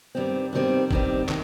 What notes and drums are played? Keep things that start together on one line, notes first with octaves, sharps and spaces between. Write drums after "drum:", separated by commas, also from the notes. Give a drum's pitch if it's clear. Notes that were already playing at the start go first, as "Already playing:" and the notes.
G2 D#3 G3 C4
G2 D#3 G3 C4
G2 D#3 G3 C4, drum: kick G1
D#3, drum: clap